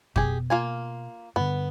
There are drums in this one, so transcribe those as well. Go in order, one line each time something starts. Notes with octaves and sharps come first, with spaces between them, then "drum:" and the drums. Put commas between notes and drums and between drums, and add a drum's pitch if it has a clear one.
B2 G4 G#4, drum: kick F2
A#3 F4 G#5
G2 D3 B3